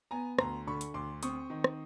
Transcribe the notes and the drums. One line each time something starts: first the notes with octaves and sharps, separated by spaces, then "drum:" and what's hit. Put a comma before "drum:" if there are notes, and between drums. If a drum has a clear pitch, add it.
B3 G#5 A#5
D2 A#5 C6, drum: rim click
D3 B5 C#6
drum: hi-hat
D2 C6 D6
C4 C#6 D#6, drum: hi-hat
D#3
drum: rim click